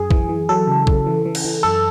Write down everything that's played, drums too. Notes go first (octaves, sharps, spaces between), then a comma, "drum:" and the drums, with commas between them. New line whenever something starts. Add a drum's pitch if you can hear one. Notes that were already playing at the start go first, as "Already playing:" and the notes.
Already playing: F#2 G#4
E3, drum: kick
E3
F#3 A4
C#3
C#3, drum: kick
E3
E3
drum: cymbal
E3
F#2 A4